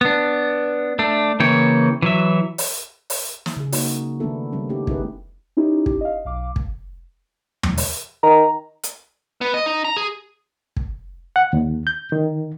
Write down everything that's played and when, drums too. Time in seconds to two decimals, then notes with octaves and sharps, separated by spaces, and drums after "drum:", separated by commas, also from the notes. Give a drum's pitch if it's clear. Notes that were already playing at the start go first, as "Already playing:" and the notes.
0.01 B3 D4
0.99 A3 D4
1.40 C#3 E3 A#3 C#5 G5
2.02 E3 F#3 E5
2.58 drum: open hi-hat
3.10 drum: open hi-hat
3.46 drum: snare
3.57 C#3 G#4
3.72 A#3 D#4 F#4, drum: open hi-hat
4.20 D#3 A3 B3 D4 E4 A4
4.53 C#3 G3 B3 C#4
4.69 G3 A3 C#4 D#4 G4
4.87 D#4 E4 G4 G#4 B4, drum: kick
5.57 C#4 D#4 E4 G4
5.86 G4, drum: kick
6.01 D#5 F5
6.25 B1 F5 D6
6.56 drum: kick
7.63 drum: tom
7.77 drum: open hi-hat
8.23 D#3 A#5
8.83 drum: hi-hat
9.41 B3
9.54 D#5
9.66 D#4
9.85 A#5
9.96 G#4
10.76 drum: kick
11.36 F#5
11.53 D#2
11.87 G6
12.12 D#3